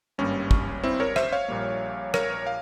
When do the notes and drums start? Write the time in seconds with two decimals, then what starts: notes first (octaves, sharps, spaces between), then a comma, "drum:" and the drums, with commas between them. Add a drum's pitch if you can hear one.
0.18 G#1 G2 G3 A#3 C#4
0.51 drum: kick
0.84 C4 E4
1.00 A#4 C#5
1.16 C5 E5, drum: rim click
1.32 C#5 F5
1.48 A#1 A#2 G3 A#3
2.14 A#4 C#5, drum: rim click
2.47 F5